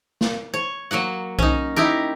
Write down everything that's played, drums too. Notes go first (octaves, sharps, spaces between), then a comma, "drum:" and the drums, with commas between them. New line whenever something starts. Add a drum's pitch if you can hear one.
drum: snare
C#5
F#3 A#3 F#4 F#5
C#4 D#4, drum: kick B1
D#4 E4 G4 A#4